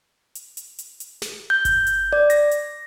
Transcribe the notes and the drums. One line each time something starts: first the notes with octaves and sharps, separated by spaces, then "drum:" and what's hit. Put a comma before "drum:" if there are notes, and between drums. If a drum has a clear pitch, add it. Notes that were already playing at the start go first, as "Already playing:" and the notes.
drum: hi-hat
drum: hi-hat
drum: hi-hat
drum: hi-hat
drum: snare
G6
drum: kick G1, hi-hat
drum: hi-hat
D5
A#6, drum: hi-hat
drum: hi-hat